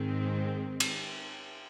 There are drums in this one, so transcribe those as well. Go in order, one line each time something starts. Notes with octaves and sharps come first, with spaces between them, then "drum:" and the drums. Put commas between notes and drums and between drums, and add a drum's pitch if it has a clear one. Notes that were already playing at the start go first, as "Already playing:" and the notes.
Already playing: G#2 D#3 G#3 C4
drum: cymbal